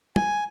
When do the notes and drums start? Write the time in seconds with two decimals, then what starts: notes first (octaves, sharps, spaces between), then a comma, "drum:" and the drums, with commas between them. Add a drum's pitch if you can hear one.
0.16 G#5, drum: tom